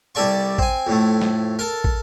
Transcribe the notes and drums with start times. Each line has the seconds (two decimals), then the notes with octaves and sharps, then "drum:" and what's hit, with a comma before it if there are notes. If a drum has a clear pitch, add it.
0.15 C2 G3 A4 D5 C#6
0.58 C4 G#5, drum: kick
0.87 F2 A2 A3
1.21 drum: snare
1.59 A4 A#4
1.84 drum: kick